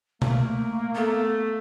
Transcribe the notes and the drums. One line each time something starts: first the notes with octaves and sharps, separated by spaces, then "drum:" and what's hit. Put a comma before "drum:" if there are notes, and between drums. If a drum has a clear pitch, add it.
A3 A#3, drum: tom B2
A3 B3